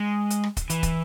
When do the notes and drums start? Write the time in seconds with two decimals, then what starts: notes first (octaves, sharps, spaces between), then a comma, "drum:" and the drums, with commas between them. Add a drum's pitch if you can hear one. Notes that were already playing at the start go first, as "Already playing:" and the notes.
Already playing: G#3
0.30 drum: hi-hat
0.43 drum: rim click
0.57 drum: kick, hi-hat
0.70 E3, drum: hi-hat
0.83 drum: kick, hi-hat